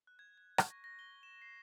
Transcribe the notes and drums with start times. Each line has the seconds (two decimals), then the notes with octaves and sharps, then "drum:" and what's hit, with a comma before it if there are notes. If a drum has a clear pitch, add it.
0.07 F#6
0.19 G#6
0.38 G#6
0.58 C#6, drum: rim click
0.70 A#6
0.84 A#6
0.99 G7
1.23 E7
1.42 C7